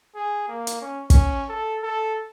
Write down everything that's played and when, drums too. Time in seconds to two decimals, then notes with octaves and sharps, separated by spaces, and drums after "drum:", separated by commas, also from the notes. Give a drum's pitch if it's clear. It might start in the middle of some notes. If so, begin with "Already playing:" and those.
0.15 G#4
0.48 A#3
0.67 drum: hi-hat
0.81 C#4
1.10 C#4, drum: kick, hi-hat
1.49 A4
1.83 A4